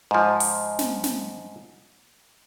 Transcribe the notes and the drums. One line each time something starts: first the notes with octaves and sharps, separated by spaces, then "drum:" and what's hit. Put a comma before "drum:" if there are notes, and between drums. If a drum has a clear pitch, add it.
G#2 F3
drum: open hi-hat
drum: snare
drum: snare